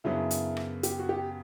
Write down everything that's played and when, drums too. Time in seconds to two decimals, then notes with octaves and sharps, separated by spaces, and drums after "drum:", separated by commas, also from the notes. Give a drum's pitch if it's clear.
0.04 F#2 C#3 F#3 B3 D4 E4
0.31 drum: hi-hat
0.57 drum: rim click
0.83 G4, drum: hi-hat
0.99 F#4
1.09 G4